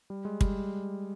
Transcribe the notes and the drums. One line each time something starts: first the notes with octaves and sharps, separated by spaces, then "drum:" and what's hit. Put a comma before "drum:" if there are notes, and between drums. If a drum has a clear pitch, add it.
G3
G#3
G3, drum: kick